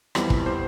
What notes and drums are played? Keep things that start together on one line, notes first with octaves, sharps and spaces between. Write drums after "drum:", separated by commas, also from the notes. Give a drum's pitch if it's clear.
F2 E3 G3 B3, drum: rim click
drum: kick
C5